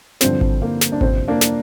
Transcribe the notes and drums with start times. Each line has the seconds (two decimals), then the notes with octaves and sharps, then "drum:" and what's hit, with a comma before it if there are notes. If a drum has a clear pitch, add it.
0.21 G2 D3 F3 C4, drum: snare
0.41 drum: kick G#1
0.62 A#3
0.81 drum: snare
0.92 D4
1.01 F2 C3 F3 C4, drum: kick G#1
1.28 A#3 D4
1.41 drum: snare